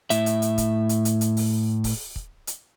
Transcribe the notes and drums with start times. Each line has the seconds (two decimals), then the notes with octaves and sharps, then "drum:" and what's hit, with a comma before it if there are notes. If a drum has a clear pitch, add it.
0.10 A2 E5, drum: hi-hat
0.26 drum: hi-hat
0.42 drum: hi-hat
0.58 drum: kick, hi-hat
0.89 drum: hi-hat
1.05 drum: hi-hat
1.21 drum: hi-hat
1.37 drum: open hi-hat
1.84 drum: kick, open hi-hat
2.16 drum: kick
2.47 drum: hi-hat